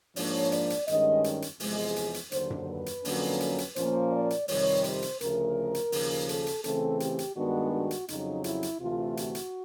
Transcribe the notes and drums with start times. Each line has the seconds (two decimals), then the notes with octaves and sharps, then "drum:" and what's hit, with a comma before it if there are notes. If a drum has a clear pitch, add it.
0.16 G#2 F3 A#3 D4 C#5, drum: open hi-hat
0.52 D5, drum: hi-hat
0.70 drum: hi-hat
0.88 G2 D#3 G#3 C#4 D#5, drum: hi-hat
1.24 drum: hi-hat
1.42 drum: hi-hat
1.60 E2 C3 F3 G#3, drum: open hi-hat
1.96 drum: hi-hat
2.14 drum: hi-hat
2.32 D#2 D3 F#3 C5, drum: hi-hat
2.50 drum: tom F#2
2.69 B4
2.86 drum: hi-hat
3.05 F2 D3 F#3 A#3 C#4, drum: open hi-hat
3.40 drum: hi-hat
3.58 drum: hi-hat
3.76 A#2 F3 A#3 C#4 C5, drum: hi-hat
4.12 D5
4.30 drum: hi-hat
4.48 F2 C3 D#3 G3 C#5, drum: open hi-hat
4.84 C5, drum: hi-hat
5.02 drum: hi-hat
5.21 D2 C#3 F3 A3 A#4, drum: hi-hat
5.74 drum: hi-hat
5.92 D#2 C#3 F3, drum: open hi-hat
6.29 A4, drum: hi-hat
6.47 drum: hi-hat
6.64 C#3 E3 A3 C4 A4, drum: hi-hat
7.00 G4, drum: hi-hat
7.19 drum: hi-hat
7.36 G2 D#3 G#3 B3 D4 F#4
7.73 F#4
7.91 drum: hi-hat
8.08 F2 C#3 F#3 D#4, drum: hi-hat
8.44 E4, drum: hi-hat
8.63 drum: hi-hat
8.80 D2 C3 E3 A3 F4
9.17 F#4, drum: hi-hat
9.35 drum: hi-hat